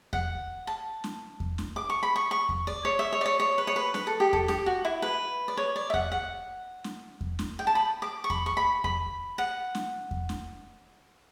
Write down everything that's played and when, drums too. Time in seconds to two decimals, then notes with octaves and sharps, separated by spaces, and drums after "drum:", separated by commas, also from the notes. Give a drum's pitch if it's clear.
0.13 F#5, drum: kick E2
0.67 A5
1.04 drum: snare
1.40 drum: kick E2
1.58 drum: snare
1.76 D6
1.90 C#6
2.03 B5
2.16 C#6
2.31 C#6
2.49 drum: kick E2
2.67 D5
2.85 C#5
2.99 E5
3.13 C#5
3.21 D5
3.26 C#5
3.40 C#5
3.58 B4
3.67 C#5
3.76 B4
3.94 B4, drum: snare
4.07 A4
4.20 G4
4.33 A4, drum: kick E2
4.48 G4, drum: snare
4.66 F#4
4.85 E4
5.02 B4
5.48 D5
5.57 C#5
5.76 D5
5.90 E5
5.94 F#5, drum: kick E2
6.12 F#5
6.84 drum: snare
7.21 drum: kick E2
7.39 drum: snare
7.59 G5
7.67 A5
7.75 B5
8.02 D6
8.24 C#6
8.30 B5, drum: kick E2
8.46 C#6
8.57 B5
8.84 B5, drum: kick E2
9.38 F#5
9.75 drum: snare
10.11 drum: kick E2
10.29 drum: snare